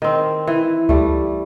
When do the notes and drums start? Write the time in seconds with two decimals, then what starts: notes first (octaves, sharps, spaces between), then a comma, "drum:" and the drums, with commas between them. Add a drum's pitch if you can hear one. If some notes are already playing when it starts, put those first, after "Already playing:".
0.02 D#3 C4
0.47 E3
0.89 G3 A3, drum: kick C#2